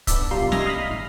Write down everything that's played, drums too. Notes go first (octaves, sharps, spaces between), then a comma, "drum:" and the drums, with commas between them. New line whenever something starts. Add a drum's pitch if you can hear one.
B3 D4 D5 E5, drum: kick, hi-hat
B1 G3 F4 G4 A#4 C6
D#5 E5 G#5 C6 F6 A#6, drum: snare
D#5 F5 A#5 B5
G#1 F6